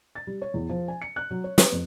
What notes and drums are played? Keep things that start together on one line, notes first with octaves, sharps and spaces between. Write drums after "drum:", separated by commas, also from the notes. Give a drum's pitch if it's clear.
A6
G3
C#5
E2
F3
G#5
C#7
F#6
F#3
C#5
B4, drum: snare
F2